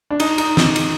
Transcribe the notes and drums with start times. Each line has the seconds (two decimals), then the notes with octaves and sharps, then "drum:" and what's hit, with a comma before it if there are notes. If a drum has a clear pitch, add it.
0.10 D4
0.20 D#4, drum: cymbal
0.38 D#4, drum: cymbal
0.57 D#4, drum: snare
0.76 drum: cymbal